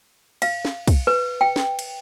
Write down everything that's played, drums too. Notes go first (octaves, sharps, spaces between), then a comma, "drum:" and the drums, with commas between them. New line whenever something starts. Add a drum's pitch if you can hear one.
F5, drum: cymbal
drum: snare
drum: kick, cymbal
B4
G5
drum: snare
drum: cymbal